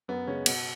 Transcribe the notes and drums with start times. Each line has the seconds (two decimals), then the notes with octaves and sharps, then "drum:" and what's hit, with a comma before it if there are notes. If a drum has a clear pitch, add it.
0.08 F#2 B3
0.27 C#3 G#3 C#4
0.46 B2 F#4, drum: cymbal